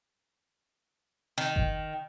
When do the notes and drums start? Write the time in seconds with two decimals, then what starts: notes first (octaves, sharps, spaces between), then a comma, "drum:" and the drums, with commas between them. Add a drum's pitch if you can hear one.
1.38 D#3
1.56 drum: kick G1